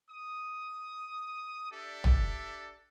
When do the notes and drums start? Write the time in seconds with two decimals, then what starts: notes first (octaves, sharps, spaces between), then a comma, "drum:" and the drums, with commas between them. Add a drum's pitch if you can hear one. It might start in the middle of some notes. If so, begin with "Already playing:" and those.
0.10 D#6
1.71 D4 G4 A4 D5 E5
2.04 drum: tom